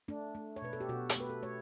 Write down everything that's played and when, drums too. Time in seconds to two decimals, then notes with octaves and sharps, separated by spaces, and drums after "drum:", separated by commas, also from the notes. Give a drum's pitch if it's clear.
0.08 A3 D4
0.35 A3
0.56 C#5
0.62 B2 B4
0.73 A4
0.80 G4
0.89 B2 F#4
1.09 G4, drum: hi-hat
1.16 A3 B4
1.30 A4
1.42 A3 C#5